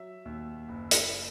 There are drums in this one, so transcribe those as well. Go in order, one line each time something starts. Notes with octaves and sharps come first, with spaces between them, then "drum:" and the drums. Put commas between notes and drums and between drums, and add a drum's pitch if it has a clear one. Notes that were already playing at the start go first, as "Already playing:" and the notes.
Already playing: F#3 E5
D#2
F#1
drum: hi-hat